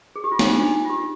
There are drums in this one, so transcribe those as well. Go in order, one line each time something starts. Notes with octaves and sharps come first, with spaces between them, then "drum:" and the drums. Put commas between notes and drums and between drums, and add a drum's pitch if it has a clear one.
G#4
G4
F4
D#4, drum: snare
F4
D4
D#4
F4
G4